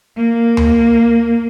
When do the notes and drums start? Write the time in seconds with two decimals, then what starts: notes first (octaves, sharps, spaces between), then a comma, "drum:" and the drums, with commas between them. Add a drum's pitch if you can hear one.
0.17 A#3
0.57 drum: tom D2